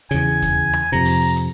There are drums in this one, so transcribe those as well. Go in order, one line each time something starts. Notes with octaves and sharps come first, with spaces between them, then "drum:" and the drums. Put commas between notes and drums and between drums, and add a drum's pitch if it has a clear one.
E2 C#3 G#5, drum: hi-hat
drum: kick D#2, hi-hat
drum: rim click
F2 C3 A#5
drum: open hi-hat
drum: hi-hat